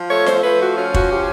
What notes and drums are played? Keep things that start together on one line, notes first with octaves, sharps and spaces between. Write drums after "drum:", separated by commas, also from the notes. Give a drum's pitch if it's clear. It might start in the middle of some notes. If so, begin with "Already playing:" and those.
Already playing: F3
A3 C#5
C5, drum: snare F4
F3 B4
F#4
C#4 F4
F#4, drum: kick
F3 G4